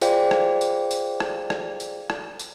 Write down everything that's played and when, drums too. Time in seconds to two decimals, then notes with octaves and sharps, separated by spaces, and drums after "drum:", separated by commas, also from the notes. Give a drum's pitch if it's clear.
0.01 F4 G#4 C5 D5 F5 G5, drum: tambourine
0.31 drum: rim click
0.61 drum: tambourine
0.91 drum: tambourine
1.20 drum: rim click
1.50 drum: rim click
1.80 drum: tambourine
2.10 drum: rim click
2.39 drum: tambourine